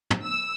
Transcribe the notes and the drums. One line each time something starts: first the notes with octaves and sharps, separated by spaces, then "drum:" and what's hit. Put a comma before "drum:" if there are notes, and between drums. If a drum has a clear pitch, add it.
drum: tom
E6